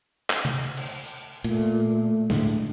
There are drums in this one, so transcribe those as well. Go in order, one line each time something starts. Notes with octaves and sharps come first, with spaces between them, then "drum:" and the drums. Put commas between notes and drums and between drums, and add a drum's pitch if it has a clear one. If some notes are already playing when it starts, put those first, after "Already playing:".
drum: clap
drum: tom C3
drum: cymbal
A#2 A3, drum: hi-hat
A2 D3 G#3, drum: snare